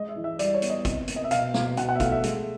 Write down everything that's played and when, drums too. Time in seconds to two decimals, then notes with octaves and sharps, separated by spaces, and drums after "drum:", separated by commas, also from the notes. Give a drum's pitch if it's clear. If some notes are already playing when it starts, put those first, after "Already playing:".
Already playing: G#3 D#5
0.09 E5
0.16 E3
0.24 E5
0.39 G3 D5, drum: hi-hat
0.54 C#5
0.62 B3, drum: hi-hat
0.70 D#5
0.85 C3, drum: kick, hi-hat
1.08 A#3, drum: hi-hat
1.16 D#5
1.24 E5
1.31 B2 F5, drum: hi-hat
1.54 B2 F5, drum: snare
1.77 B2 F#5, drum: hi-hat
1.89 F#5
1.96 E5
2.00 A3 F5, drum: kick, hi-hat
2.12 E5
2.24 G#3, drum: hi-hat